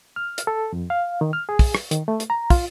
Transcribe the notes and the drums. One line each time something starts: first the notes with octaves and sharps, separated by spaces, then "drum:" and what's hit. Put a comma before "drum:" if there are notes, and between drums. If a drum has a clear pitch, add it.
F6
drum: hi-hat
A4
F2
F5
D#3
F6
G#4
drum: kick, open hi-hat
drum: rim click
D#3, drum: hi-hat
A3
drum: hi-hat
A#5
F4, drum: kick, open hi-hat